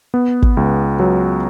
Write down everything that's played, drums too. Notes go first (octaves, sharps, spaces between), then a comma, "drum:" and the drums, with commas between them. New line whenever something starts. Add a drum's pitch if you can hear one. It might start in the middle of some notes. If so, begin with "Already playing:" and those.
B3
drum: kick
C#2
F#3